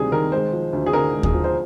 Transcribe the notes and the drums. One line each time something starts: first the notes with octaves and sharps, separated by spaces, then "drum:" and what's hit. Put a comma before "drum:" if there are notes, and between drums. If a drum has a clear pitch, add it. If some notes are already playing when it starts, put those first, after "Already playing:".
Already playing: D2 C3 D#3 G3 G#4
D#3 A#4
G#3 C5
F3
D2
G#4
D3 A#4
G#3
G#4, drum: kick D#2
F3
C5